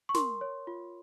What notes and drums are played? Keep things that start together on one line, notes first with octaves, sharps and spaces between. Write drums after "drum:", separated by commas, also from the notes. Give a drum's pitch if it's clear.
C#6
A#4 C6, drum: snare
C#5
F4